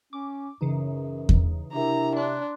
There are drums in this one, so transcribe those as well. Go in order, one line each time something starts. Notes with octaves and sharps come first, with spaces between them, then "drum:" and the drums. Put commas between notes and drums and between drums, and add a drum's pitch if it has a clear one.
C#4 D6
F#2 C#3 E3 D#4
drum: kick E2
C3 D4 E4 A#4 A#5
D4 C6 F#6